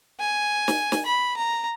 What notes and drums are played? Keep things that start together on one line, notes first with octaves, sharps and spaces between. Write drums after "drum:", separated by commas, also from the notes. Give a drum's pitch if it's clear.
G#5
drum: snare
drum: snare
B5
A#5